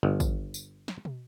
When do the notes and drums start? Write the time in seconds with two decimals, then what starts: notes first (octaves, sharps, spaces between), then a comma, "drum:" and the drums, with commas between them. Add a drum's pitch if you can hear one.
0.03 G1
0.20 drum: kick, tambourine
0.54 drum: tambourine
0.88 drum: snare
1.05 drum: tom